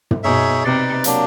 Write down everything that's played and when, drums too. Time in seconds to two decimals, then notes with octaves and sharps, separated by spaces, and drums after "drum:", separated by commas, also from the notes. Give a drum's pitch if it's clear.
0.11 drum: tom
0.23 B2 D#4 G#4 C#5 E5
0.64 C3 D#4 G4 B4 D5
1.04 F#3 A#3 D4 G4, drum: hi-hat